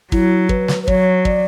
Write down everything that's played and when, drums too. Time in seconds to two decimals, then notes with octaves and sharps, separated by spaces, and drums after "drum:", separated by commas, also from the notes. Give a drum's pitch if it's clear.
0.12 F#3 E4, drum: kick
0.49 B4, drum: kick
0.68 drum: snare
0.83 B4
0.88 F#3 C#5, drum: kick
1.25 D5, drum: kick